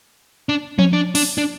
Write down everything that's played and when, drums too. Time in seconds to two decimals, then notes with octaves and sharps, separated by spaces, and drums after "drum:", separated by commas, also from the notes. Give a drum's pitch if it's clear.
0.49 D4
0.79 C#4, drum: tom F3
0.93 D4
1.15 D4, drum: open hi-hat
1.38 D4